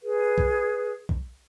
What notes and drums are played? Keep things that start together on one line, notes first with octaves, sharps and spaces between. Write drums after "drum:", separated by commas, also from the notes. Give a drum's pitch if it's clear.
G#4 B4
drum: kick A#1
drum: kick A#1